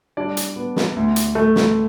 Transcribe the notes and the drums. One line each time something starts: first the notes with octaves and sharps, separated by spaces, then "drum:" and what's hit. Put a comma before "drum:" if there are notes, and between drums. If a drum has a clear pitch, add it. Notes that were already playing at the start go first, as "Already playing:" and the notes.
G3 D4 D5
drum: hi-hat
B3
drum: snare
D2
drum: hi-hat
A3
drum: snare